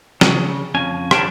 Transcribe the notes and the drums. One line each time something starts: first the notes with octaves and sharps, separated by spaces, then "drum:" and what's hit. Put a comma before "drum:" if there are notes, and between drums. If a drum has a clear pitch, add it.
C#3, drum: snare
F2 C#4 G#5
G3 C#4 D4, drum: rim click